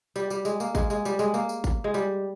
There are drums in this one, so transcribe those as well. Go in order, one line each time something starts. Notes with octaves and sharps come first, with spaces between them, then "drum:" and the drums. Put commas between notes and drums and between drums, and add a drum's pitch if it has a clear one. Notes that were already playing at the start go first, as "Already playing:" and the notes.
G3, drum: tambourine
G3, drum: tambourine
G#3, drum: tambourine
A#3, drum: tambourine
G#3, drum: kick G#1, tambourine
G#3, drum: tambourine
G3, drum: tambourine
G#3, drum: tambourine
A#3, drum: tambourine
drum: tambourine
drum: kick G#1, tambourine
G#3
G3, drum: tambourine